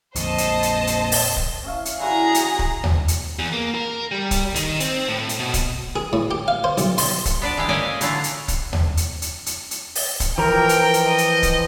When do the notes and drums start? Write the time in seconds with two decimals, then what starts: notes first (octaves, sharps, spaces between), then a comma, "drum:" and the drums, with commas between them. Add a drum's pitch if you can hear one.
0.15 A#1 F2 C5 D#5 A5, drum: hi-hat
0.38 drum: hi-hat
0.63 drum: hi-hat
0.87 drum: hi-hat
1.12 drum: open hi-hat
1.36 drum: kick C#1
1.64 C#4 E5 F5
1.85 drum: hi-hat
2.00 D3 E4 F#4 G#4 A#5
2.34 drum: hi-hat
2.59 drum: kick C#1
2.84 drum: tom D#2
3.08 drum: hi-hat
3.39 E2
3.53 A#3
3.74 A#4
4.12 G3
4.31 drum: kick C#1, hi-hat
4.55 D#3, drum: hi-hat
4.80 C4, drum: hi-hat
5.08 A2
5.29 drum: hi-hat
5.40 B2
5.54 drum: kick C#1, hi-hat
5.96 G#4
6.13 A2
6.31 G4
6.48 F5
6.64 C5
6.78 B1, drum: hi-hat
6.98 C6, drum: open hi-hat
7.25 drum: kick C#1, hi-hat
7.42 B3 D4 D5
7.57 E3 G#3 G4
7.69 A#3 C#4 A4 D5 D#5 G#5
8.01 D3 E3 F#3 F4, drum: hi-hat
8.24 drum: hi-hat
8.48 drum: kick C#1, hi-hat
8.73 drum: tom D#2
8.97 drum: hi-hat
9.22 drum: hi-hat
9.46 drum: hi-hat
9.71 drum: hi-hat
9.95 drum: open hi-hat
10.20 drum: kick C#1, hi-hat
10.38 E3 F3 A#4 G5 A#5
10.69 drum: hi-hat
10.94 drum: hi-hat
11.06 D#5
11.18 drum: hi-hat
11.43 drum: kick C#1, hi-hat